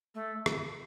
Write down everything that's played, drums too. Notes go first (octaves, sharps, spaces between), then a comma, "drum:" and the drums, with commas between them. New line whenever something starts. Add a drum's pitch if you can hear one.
A3
drum: rim click